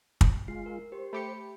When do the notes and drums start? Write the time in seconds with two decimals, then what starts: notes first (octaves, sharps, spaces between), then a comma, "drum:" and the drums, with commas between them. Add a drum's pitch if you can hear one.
0.21 drum: kick
0.48 G#3 F4 C7
0.66 A#4
0.92 G4 C5
1.13 A3 G4 B5 C#7